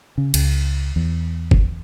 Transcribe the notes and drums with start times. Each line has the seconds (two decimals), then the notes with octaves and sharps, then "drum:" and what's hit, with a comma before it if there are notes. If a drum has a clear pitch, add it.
0.18 C#3
0.34 C#2, drum: cymbal
0.96 E2
1.51 drum: kick